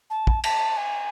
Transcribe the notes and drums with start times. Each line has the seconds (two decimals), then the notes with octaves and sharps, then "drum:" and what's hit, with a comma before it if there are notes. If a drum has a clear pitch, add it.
0.10 A5
0.27 drum: kick
0.44 A5, drum: cymbal
0.77 G#5